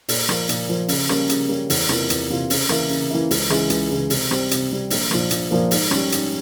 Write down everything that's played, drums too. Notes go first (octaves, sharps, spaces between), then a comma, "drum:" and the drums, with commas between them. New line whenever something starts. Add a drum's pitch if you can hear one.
A#2, drum: open hi-hat
F3 A#3, drum: rim click
A#2, drum: hi-hat
F3 A#3
C#3, drum: open hi-hat
G3 A#3 C#4, drum: rim click
C#3, drum: hi-hat
G3 A#3 C#4
E2, drum: open hi-hat
C3 E3 A#3 F4, drum: rim click
E2, drum: hi-hat
C3 E3 A#3 F4
C#3, drum: open hi-hat
E3 A#3 E4, drum: rim click
C#3
E3 A#3 E4
C#2, drum: open hi-hat
C#3 E3 G#3 E4, drum: rim click
C#2, drum: hi-hat
C#3 E3 G#3 E4
C3, drum: open hi-hat
G3 C4, drum: rim click
C3, drum: hi-hat
G3 C4
A#1, drum: open hi-hat
A#2 F3 A#3, drum: rim click
A#1, drum: hi-hat
A#2 F3 A#3
G#2, drum: open hi-hat
G3 C#4, drum: rim click
G#2, drum: hi-hat